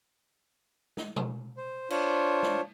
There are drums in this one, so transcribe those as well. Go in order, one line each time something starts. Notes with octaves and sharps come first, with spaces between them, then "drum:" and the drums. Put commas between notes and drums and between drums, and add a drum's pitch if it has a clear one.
drum: snare
drum: tom B2
C5
D4 F4 C5 C#5, drum: cymbal
drum: snare